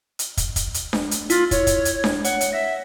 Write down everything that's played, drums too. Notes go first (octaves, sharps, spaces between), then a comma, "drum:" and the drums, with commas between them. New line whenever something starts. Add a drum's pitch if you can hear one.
drum: hi-hat
drum: kick, hi-hat
drum: kick, hi-hat
drum: hi-hat
drum: snare D4
drum: hi-hat
E4 F4, drum: hi-hat
C#5, drum: kick, hi-hat
drum: kick, hi-hat
drum: hi-hat
drum: snare D4
C#5 F#5, drum: hi-hat
drum: hi-hat
E5 A#6